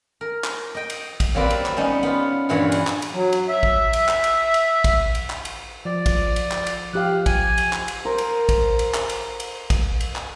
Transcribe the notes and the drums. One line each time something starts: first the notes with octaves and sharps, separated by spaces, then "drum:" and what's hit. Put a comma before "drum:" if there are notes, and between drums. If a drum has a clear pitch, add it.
A#4
drum: clap
D#5 G5
drum: cymbal
drum: kick, cymbal
F#3 G3 A#3 C4 B4 D5
drum: cymbal
drum: clap
G3 B3 C#4 D#4
B3 F4
G2 A#2 E3 B4 C#5 F#5
drum: cymbal
drum: clap
drum: cymbal
F#3
drum: cymbal
E5
drum: kick
drum: cymbal
drum: clap
drum: cymbal
drum: cymbal
drum: kick, cymbal
drum: cymbal
drum: clap
drum: cymbal
F3 D5
drum: kick, cymbal
drum: cymbal
drum: clap
drum: cymbal
F3 G4 F5 F#6
G#5, drum: kick, cymbal
drum: cymbal
drum: clap
drum: cymbal
A#4 C5
drum: cymbal
drum: kick, cymbal
drum: cymbal
drum: clap
drum: cymbal
drum: cymbal
drum: kick, cymbal
drum: cymbal
drum: clap